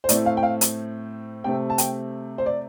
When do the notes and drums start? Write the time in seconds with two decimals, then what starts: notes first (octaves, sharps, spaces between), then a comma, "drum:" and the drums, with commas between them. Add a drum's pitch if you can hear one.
0.04 C5
0.09 A2 A3 C4 D5, drum: hi-hat
0.26 F5
0.37 G5
0.43 F5
0.61 drum: hi-hat
1.44 C3 A3 C4 G5
1.70 A5
1.78 G5, drum: hi-hat
2.38 C5
2.46 D5